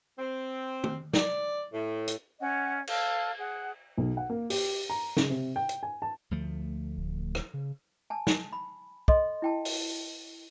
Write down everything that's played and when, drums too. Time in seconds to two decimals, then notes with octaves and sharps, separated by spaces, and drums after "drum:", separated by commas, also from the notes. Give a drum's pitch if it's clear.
0.19 C4
0.84 drum: tom
1.13 D5, drum: snare
1.73 A2
2.08 drum: hi-hat
2.40 C#4 D#5 F#5
2.87 A4 F5, drum: cymbal
3.39 G#4 F#5
3.98 B1
4.17 F#5
4.30 A#3
4.50 G4, drum: open hi-hat
4.90 A#5
5.17 C#3, drum: snare
5.30 C3
5.56 G5
5.69 drum: hi-hat
5.83 G#5
6.02 A5
6.31 D2 F3 A3
6.97 D1
7.35 drum: rim click
7.54 C#3
8.10 G#5 A5
8.27 drum: snare
8.53 B5
9.08 A4 D#5 C6, drum: kick
9.42 E4 G5 A5
9.65 drum: open hi-hat